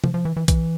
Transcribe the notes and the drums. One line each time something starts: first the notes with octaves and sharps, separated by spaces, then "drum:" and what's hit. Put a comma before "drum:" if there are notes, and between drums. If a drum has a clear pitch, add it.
F3, drum: tom C3
F3
E3
E3
E3, drum: kick A#1, hi-hat